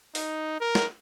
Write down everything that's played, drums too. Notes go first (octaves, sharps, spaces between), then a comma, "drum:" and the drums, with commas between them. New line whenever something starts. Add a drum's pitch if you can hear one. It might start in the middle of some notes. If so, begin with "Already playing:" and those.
D#4, drum: open hi-hat
A#4
drum: snare